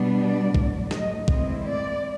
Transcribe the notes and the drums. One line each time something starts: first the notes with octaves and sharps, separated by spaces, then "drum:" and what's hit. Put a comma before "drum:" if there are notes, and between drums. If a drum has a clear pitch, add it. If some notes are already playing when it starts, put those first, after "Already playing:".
Already playing: B2 G3 B3 D4
D5
A2 F#3 A3, drum: kick A#1
D#5, drum: snare
A2 E3 G#3 C4 E4 D#5, drum: kick A#1
D5